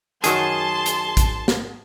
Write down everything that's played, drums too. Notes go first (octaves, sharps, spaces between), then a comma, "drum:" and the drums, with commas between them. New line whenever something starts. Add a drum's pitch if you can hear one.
F#2 D#3 F#3 G#4 A5 C6, drum: hi-hat
drum: hi-hat
drum: kick A#1, hi-hat
drum: snare